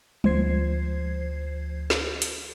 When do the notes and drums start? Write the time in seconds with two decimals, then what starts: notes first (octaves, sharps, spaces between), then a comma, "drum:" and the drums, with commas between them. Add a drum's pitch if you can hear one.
0.24 D2 F3 C5 G#6 C7, drum: tom
1.90 drum: snare
2.22 drum: hi-hat